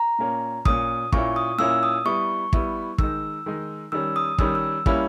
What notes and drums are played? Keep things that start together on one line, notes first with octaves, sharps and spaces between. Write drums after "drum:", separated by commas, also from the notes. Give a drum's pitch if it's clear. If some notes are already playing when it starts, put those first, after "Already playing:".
Already playing: A#5
A#2 A#3 C#4
A#2 A#3 C#4 D#6, drum: kick
A#2 A#3 C#4 E4 C#6, drum: kick
D#6
A#2 A#3 C#4 E4 E6
D#6
G3 B3 E4 C#6
G3 B3 E4, drum: kick
D#3 G#3 D#4 E6, drum: kick
D#3 G#3 D#4
D#3 G3 C#4 E6
D#6
D#3 G3 C#4 E6, drum: kick
E6
G3 A#3 C#4 E4, drum: kick